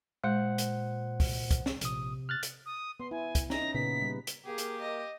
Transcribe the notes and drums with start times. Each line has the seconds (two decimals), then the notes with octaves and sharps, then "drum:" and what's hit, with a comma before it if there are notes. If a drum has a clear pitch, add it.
0.24 A#2 G#3 C5 F#5
0.58 drum: hi-hat
1.20 drum: kick, open hi-hat
1.51 drum: kick, hi-hat
1.66 drum: snare
1.81 A#1 C3 D#6, drum: hi-hat
2.29 F6 F#6 A6
2.43 drum: hi-hat
2.66 D#6
3.00 B3 C6
3.11 E4 G#5
3.35 drum: kick, hi-hat
3.50 C#4 D#4 A#5, drum: snare
3.74 A#2 C#3 B3 B6
4.02 G3 B4
4.27 drum: hi-hat
4.46 A#3 G4 G#4
4.58 drum: hi-hat
4.81 D#5